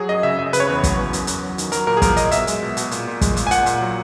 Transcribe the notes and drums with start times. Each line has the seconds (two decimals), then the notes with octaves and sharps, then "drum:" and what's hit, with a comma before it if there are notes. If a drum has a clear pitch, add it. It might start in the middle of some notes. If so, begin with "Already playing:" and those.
Already playing: F#3 G#4
0.09 F#2 D#5
0.23 C#3 E5
0.38 F#2 E5
0.53 C#3 B4, drum: hi-hat
0.60 C#5
0.67 E2 B4
0.84 F#3, drum: kick, hi-hat
0.98 E2
1.13 F#2, drum: hi-hat
1.27 F#2, drum: hi-hat
1.43 F#3
1.58 D#3, drum: hi-hat
1.72 F#3 A#4, drum: hi-hat
1.87 A#2 A#4
1.97 G#4
2.02 A#2 A#4, drum: kick, hi-hat
2.17 F#3 D#5, drum: hi-hat
2.32 B2 E5, drum: hi-hat
2.47 G#3, drum: hi-hat
2.63 B2
2.77 B2, drum: hi-hat
2.91 A#2, drum: hi-hat
3.07 A#2
3.21 G#3, drum: kick, hi-hat
3.37 A#2, drum: hi-hat
3.47 G#5
3.51 A#2 F#5, drum: hi-hat
3.66 A#2, drum: hi-hat
3.81 F#3